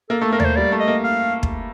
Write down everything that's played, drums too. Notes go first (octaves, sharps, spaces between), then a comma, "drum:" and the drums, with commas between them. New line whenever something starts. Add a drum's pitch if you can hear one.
A#3 A4
A3 A4
A#3 A#4
D5, drum: tom D#2
C5
G3 D5
A3
D#5
A#3
F5
drum: kick